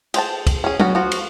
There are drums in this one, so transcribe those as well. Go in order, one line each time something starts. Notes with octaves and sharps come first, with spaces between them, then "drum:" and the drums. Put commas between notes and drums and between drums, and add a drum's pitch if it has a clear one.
G#4 C5 G5 A5, drum: cymbal
drum: kick, cymbal
C#4 G#4
B3 C#4 F#4, drum: tom F#3
F3 F#4
drum: cymbal